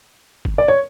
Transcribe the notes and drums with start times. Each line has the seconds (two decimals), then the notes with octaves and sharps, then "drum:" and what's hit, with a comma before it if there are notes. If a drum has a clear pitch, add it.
0.45 drum: kick
0.58 D5
0.68 C#5